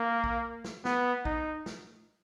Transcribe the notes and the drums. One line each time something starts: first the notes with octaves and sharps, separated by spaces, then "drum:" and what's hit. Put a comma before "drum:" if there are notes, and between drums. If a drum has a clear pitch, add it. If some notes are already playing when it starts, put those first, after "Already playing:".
Already playing: A#3
drum: kick
drum: snare
B3, drum: snare
D#4, drum: kick
drum: snare